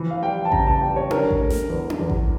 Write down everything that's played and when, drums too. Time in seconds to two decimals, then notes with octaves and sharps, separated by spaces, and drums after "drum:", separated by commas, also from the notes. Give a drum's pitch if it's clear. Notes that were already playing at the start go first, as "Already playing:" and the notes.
Already playing: E3 F3
0.11 F5
0.22 G3 G5
0.45 A5
0.52 C#3 A#5, drum: kick A1
0.67 A5
0.81 G3 G5
0.96 C#5
1.11 D3 A#4, drum: tom C#4
1.31 drum: kick A1
1.41 A3
1.50 drum: snare
1.70 E2
1.90 drum: tom C#4
1.99 E2
2.10 drum: kick A1